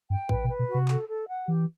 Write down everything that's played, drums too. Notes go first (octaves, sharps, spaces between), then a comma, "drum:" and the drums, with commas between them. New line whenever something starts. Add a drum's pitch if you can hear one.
G2 G5
A2 B4, drum: kick A1
B2
B4
B2
F#4
C3
A4, drum: clap
A4
F#5
E3 G4